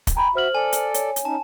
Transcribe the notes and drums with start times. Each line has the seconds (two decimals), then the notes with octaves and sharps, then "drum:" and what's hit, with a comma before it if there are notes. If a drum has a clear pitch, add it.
0.07 drum: kick, hi-hat
0.17 G5 G#5 A#5 B5
0.35 F#4 C5 E5 F6 F#7
0.55 A4 D5 G#5
0.72 drum: hi-hat
0.94 C#5, drum: hi-hat
1.16 drum: hi-hat
1.25 C#4 D#4 A5